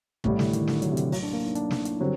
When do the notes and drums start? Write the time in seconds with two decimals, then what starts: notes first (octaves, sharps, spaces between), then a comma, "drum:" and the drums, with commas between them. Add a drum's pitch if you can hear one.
0.24 A1 A2 C3 G3, drum: kick
0.39 D3, drum: snare
0.53 D#3, drum: hi-hat
0.67 D3, drum: snare
0.82 F#3, drum: hi-hat
0.92 C3
0.97 D3, drum: hi-hat
1.12 F#3, drum: open hi-hat
1.23 D4
1.33 A#3
1.45 D#4
1.55 D4, drum: hi-hat
1.71 drum: snare
1.85 drum: hi-hat
2.00 D3 F#3 G3 C4